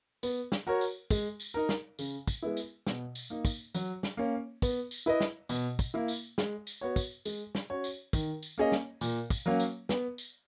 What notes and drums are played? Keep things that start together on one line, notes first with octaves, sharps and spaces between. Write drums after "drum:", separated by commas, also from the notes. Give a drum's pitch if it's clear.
B3, drum: tambourine
drum: snare
F#4 A#4 C#5
drum: tambourine
G#3, drum: kick, tambourine
drum: tambourine
D#4 A#4
drum: snare
C#3, drum: tambourine
drum: kick, tambourine
G#3 B3 E4
drum: tambourine
B2, drum: snare
drum: tambourine
A#3 D#4
drum: kick, tambourine
F#3, drum: tambourine
drum: snare
A#3 C#4
B3, drum: kick, tambourine
drum: tambourine
E4 B4 D#5
drum: snare
B2, drum: tambourine
drum: kick, tambourine
A#3 E4
drum: tambourine
G#3, drum: snare
drum: tambourine
B3 F#4 C#5
drum: kick, tambourine
G#3, drum: tambourine
drum: snare
C#4 F#4 C#5
drum: tambourine
D#3, drum: kick, tambourine
drum: tambourine
A#3 C#4 G#4 D#5
drum: snare
A#2, drum: tambourine
drum: kick, tambourine
F#3 A#3 C#4
drum: tambourine
B3, drum: snare
drum: tambourine